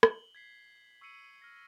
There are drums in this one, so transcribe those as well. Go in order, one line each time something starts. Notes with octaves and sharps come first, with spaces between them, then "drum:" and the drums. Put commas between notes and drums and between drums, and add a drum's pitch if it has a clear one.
F#7 G7, drum: rim click
G#6 B6 C7
C#6 E6 C7 C#7 D#7
F6 A#6